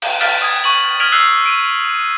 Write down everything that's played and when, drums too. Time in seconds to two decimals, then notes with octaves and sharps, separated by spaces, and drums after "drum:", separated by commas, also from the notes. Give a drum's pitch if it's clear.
0.02 drum: cymbal
0.21 F6 A6 B6 D7, drum: cymbal
0.42 D#6 G#6
0.64 C#6 F#7
1.00 F6 G#6 B6 D7 F7 F#7
1.12 E6 F#6 C7 F7
1.46 D7 D#7